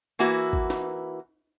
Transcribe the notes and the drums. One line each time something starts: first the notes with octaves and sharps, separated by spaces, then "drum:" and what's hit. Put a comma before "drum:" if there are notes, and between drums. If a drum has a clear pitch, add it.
E3 A#3 E4 F#4 B4
drum: kick
drum: snare